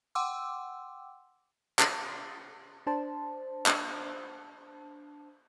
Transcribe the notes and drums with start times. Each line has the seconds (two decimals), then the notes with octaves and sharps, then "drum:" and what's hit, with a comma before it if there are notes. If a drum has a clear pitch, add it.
0.15 F#5 G5 C6 D6 E6
1.79 drum: clap
2.87 D4 C5 A5
3.66 drum: clap